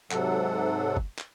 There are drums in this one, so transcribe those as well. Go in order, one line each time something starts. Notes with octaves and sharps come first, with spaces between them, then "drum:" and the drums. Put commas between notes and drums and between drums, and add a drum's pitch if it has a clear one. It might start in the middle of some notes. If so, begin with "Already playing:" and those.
G#2 C3 F#3 A4 F#5, drum: clap
drum: kick
drum: clap